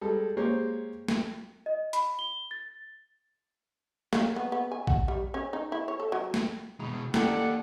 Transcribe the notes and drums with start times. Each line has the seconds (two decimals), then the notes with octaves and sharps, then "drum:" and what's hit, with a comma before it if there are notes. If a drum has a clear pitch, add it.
0.01 G3 G#3 A4
0.37 G#3 A#3 G4 C5 C#5
1.08 drum: snare
1.66 D#5
1.93 B5, drum: hi-hat
2.19 G7
2.51 A6
4.13 A#3, drum: snare
4.36 B3
4.52 B3
4.72 G#5
4.87 F#5, drum: kick A1
5.08 G3
5.34 C#4
5.53 D#4
5.72 E4
5.88 C#5
6.00 A4
6.12 F#3
6.34 drum: snare
6.80 B2 G#3 B5
7.14 A#3 C#4 E4 G4 A4 D5 F#5, drum: snare